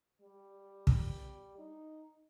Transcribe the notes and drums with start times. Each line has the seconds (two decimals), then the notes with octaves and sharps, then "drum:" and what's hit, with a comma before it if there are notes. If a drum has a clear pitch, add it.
0.22 G3
0.87 drum: kick
1.59 D#4